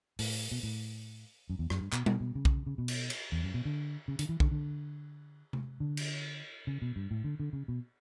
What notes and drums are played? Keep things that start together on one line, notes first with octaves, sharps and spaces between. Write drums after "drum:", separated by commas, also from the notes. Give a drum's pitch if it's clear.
A2, drum: open hi-hat
B2
A2
F#2
E2
F#2, drum: rim click
G2
B2, drum: clap
B2, drum: tom G3
B2
C#3
drum: kick B1
C#3
B2
drum: cymbal
drum: cymbal
E2
F#2
B2
D3
C#3
D3, drum: hi-hat
E3
D3, drum: kick B1
D3
drum: tom C3
D3
drum: cymbal
C#3
B2
G2
A2
D3
D3
C#3
B2